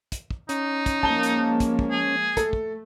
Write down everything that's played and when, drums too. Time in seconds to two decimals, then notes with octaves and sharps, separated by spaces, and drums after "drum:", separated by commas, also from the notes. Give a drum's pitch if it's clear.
0.12 drum: kick, hi-hat
0.31 drum: kick
0.49 C#4 D#4, drum: hi-hat
0.86 drum: kick, hi-hat
1.03 F3 G#3 A#3 A5 G7, drum: kick
1.23 drum: hi-hat
1.60 drum: kick, hi-hat
1.79 drum: kick
1.91 G#4
2.37 A3 A4, drum: kick, hi-hat
2.53 drum: kick